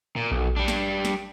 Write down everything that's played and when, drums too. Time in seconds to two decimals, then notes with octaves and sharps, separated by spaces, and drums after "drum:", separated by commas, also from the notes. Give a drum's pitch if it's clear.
0.16 A#2
0.31 B1, drum: kick A#1
0.56 G3 D4
0.68 drum: snare
1.05 drum: snare